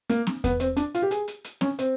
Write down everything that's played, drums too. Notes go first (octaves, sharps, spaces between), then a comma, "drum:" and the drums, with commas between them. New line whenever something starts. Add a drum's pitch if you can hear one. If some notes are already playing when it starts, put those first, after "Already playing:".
A#3, drum: hi-hat
drum: snare C4
B3, drum: kick E2, hi-hat
C4, drum: hi-hat
D4, drum: hi-hat
F4, drum: hi-hat
G4
G#4, drum: hi-hat
drum: hi-hat
drum: hi-hat
C#4, drum: snare C4
C4, drum: hi-hat